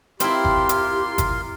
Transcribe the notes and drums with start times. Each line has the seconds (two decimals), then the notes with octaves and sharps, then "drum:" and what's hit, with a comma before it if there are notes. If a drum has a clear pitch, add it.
0.20 C4 E4 F4 G4 A#4 C6, drum: hi-hat
0.45 drum: kick G1
0.69 drum: hi-hat
1.18 drum: kick G1, hi-hat